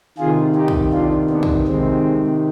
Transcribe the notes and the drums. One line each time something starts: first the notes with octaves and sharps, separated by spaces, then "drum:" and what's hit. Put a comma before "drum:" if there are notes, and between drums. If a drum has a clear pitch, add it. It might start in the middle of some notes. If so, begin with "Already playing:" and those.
C3 D#3 F4 G#4
D#4 G4
drum: kick
D4 F4
B3 D4
drum: kick
C3 D#3 G#3 C4